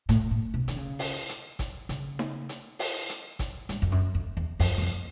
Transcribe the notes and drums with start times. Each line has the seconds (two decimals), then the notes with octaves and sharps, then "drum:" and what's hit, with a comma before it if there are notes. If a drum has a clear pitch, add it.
0.09 A2, drum: hi-hat
0.31 A2
0.54 B2
0.68 D3, drum: hi-hat
0.76 C#3
0.99 drum: open hi-hat
1.29 drum: hi-hat
1.59 drum: kick, hi-hat
1.89 C#3, drum: hi-hat
2.19 drum: snare D#4
2.49 drum: hi-hat
2.79 drum: open hi-hat
3.09 drum: hi-hat
3.39 drum: kick, hi-hat
3.69 G2, drum: hi-hat
3.82 F2
3.92 F#2
4.15 F2
4.37 E2
4.60 F2, drum: open hi-hat
4.78 F#2
4.82 F2